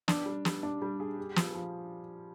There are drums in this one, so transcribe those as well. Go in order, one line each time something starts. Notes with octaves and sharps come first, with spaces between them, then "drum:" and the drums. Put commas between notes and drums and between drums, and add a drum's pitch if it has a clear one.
D4, drum: snare
G3
G3, drum: snare
D4
G3
G#4
G4
F3, drum: snare
F3